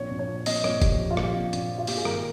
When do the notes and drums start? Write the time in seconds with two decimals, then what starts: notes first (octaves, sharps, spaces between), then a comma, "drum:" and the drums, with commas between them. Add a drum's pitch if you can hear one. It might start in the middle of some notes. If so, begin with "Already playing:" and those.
Already playing: A#1 C#5
0.11 A#1
0.19 C#5
0.28 F3
0.46 A#2 D#5, drum: open hi-hat
0.64 A#1 C#5, drum: rim click
0.82 A#1 G4, drum: kick, hi-hat
0.99 F3 G4
1.11 F4
1.17 A#2, drum: rim click
1.23 G4
1.35 A#1
1.53 A#1, drum: hi-hat
1.70 F3
1.78 F4
1.87 A#2 G4, drum: open hi-hat
1.97 G#4
2.05 G#1 A#4, drum: rim click